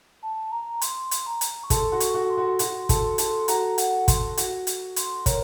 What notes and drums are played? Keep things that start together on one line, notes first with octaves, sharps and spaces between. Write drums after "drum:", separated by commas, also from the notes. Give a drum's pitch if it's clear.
A5
A#5
C6, drum: hi-hat
drum: hi-hat
A#5
drum: hi-hat
C#6
A4 C6, drum: kick, hi-hat
F#4 C6
C#6, drum: hi-hat
F#4
C6
F#4
F#4 C6, drum: hi-hat
A4, drum: kick, hi-hat
C6
A4, drum: hi-hat
F#4 A#5, drum: hi-hat
F#5, drum: hi-hat
C6, drum: kick, hi-hat
F#4, drum: hi-hat
drum: hi-hat
C6, drum: hi-hat
A#4 C#5, drum: kick, hi-hat